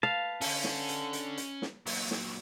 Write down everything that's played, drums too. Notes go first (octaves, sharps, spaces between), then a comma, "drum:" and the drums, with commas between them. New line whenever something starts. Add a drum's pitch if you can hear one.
B4 F5 A5
C#4 D4 A4, drum: open hi-hat
drum: snare
drum: hi-hat
drum: hi-hat
drum: hi-hat
drum: snare
A#2 F#3, drum: open hi-hat
drum: snare